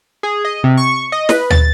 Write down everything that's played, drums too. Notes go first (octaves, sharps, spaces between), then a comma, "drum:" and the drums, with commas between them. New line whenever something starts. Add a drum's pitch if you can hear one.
G#4
D#5
C3
C#6
D#5
B4, drum: snare
A6, drum: tom D2